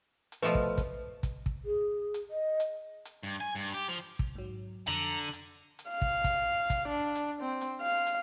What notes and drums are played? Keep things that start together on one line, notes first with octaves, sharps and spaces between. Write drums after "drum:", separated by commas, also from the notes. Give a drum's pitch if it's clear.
drum: hi-hat
B2 F3 A3 B4
drum: kick
drum: kick, hi-hat
drum: kick, hi-hat
drum: kick
G#4
drum: hi-hat
D#5
drum: hi-hat
drum: hi-hat
G2
G#5
G2
G4
F3
drum: kick
G#2 F#3
F2 D3 A#5 F#7
drum: hi-hat
drum: hi-hat
F5
drum: kick
drum: kick, hi-hat
drum: kick, hi-hat
D4
drum: hi-hat
C4
drum: hi-hat
F5
drum: hi-hat